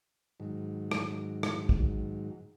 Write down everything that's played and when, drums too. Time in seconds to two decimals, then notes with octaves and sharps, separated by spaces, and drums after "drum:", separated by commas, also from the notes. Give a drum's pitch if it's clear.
0.40 G#2 D#3 F#3
0.91 drum: rim click
1.43 drum: rim click
1.69 drum: kick